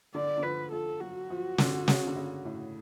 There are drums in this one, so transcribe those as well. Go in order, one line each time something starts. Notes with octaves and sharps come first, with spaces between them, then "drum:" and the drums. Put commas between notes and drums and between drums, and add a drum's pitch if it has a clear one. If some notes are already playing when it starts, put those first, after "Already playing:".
D3 D5
D3
F3 B4
F3 A4
F#3 F#4
F3
D3, drum: snare
C#3, drum: snare
D3
C#3
A2